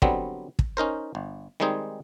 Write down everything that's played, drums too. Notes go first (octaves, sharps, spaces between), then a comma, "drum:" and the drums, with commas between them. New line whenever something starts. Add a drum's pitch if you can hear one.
D3 F#3 G3 B3 C4, drum: kick
drum: kick
C#4 D#4 A#4 C5
G1
D#3 G3 G#3 C4 D#4 G#4